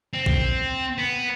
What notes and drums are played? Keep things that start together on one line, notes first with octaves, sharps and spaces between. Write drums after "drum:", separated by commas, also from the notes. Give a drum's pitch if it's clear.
C4
drum: kick A#1
B3